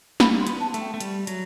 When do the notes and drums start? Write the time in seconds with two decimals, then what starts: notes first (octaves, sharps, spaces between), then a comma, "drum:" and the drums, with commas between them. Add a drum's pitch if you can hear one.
0.20 G3 B5, drum: snare
0.40 C6
0.47 B3, drum: hi-hat
0.60 A5
0.74 A3, drum: hi-hat
0.80 G5
0.94 A3
1.00 G3, drum: hi-hat
1.27 F#3, drum: hi-hat